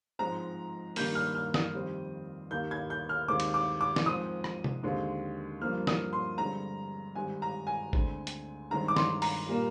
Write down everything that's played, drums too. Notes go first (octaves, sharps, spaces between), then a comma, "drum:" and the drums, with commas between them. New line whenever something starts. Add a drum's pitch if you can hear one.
G#2 F3 G#3 C4 A#5
G2 D#3 G3 A#3 G6, drum: open hi-hat
F6
F6
D#6, drum: snare
F2 D#3 G3 C4
D#2 D#3 A#3 G6
G#6
G6
F6
D#2 D#3 G#3 C4 D6
drum: cymbal
D6
D6
drum: snare
G#2 F3 C4 D#6
drum: rim click
drum: tom C3
D#2 D3 G#3 C4
G2 F3 A#3 F6
D#6, drum: snare
C6
G2 D3 G#3 C4 A#5
G#2 D#3 G3 C4 G#5
A#5
G#5
D2 D3 G#3 C4, drum: kick G#1
drum: hi-hat
G2 D#3 G#3 C4 A#5
D6
C6, drum: snare
A#5, drum: open hi-hat
A#2 G3 A#3